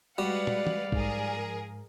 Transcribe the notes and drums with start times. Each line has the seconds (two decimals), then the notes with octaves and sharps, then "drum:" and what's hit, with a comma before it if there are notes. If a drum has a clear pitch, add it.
0.18 G3 G#3 F#4 B4 D5 F5 F#5
0.47 drum: tom
0.67 drum: tom
0.92 G#2 F3 G#4 A#4, drum: kick